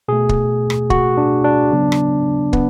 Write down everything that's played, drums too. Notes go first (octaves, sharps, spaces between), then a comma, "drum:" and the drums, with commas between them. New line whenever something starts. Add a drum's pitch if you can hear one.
B2 A3 G#4
drum: kick
drum: rim click
F#4, drum: kick
D4
D4
C#3 F#3 B3
drum: rim click
B3, drum: kick